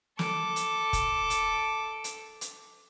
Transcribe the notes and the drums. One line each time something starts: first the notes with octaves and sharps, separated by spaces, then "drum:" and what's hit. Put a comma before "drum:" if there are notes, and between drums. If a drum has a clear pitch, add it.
A4 D6, drum: snare
drum: hi-hat
drum: kick, hi-hat
drum: hi-hat
drum: hi-hat
drum: hi-hat